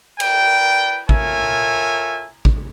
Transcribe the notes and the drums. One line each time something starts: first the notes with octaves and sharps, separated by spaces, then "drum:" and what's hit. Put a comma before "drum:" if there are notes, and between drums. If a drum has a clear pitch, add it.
A#4 B4 D5 G5, drum: cymbal
F4 A4 A#4 C#5 E5 G#5, drum: kick A1
drum: kick A1